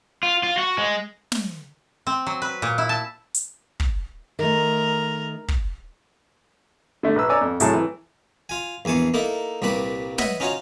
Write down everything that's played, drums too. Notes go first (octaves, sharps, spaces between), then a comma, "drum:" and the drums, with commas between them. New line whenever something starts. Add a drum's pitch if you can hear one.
F4
F4
F#4
G#3
drum: snare
C4
F#3
B4
A#2
E4
A5
drum: hi-hat
drum: kick
D#3 A3 A#4
drum: kick
D3 A3
A#1 B4 E6
C#5 D5 G#5 A#5 E6
F2
C2 A2 F#3 G#4 A5, drum: hi-hat
E3
F4 G#5
A#1 E2 G#5 A5 C#6
A#3 D#4 E4 A4
C2 A#2 G3 B4 B5
B4 C#5 D#5 E5 F#5, drum: snare
C#4 D#4 F4 F#4 C#5